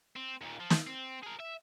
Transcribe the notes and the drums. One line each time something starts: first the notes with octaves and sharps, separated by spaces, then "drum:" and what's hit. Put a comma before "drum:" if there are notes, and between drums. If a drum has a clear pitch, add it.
C4
D#2 A#2
F3
drum: snare
C4
G#4 A#4
E5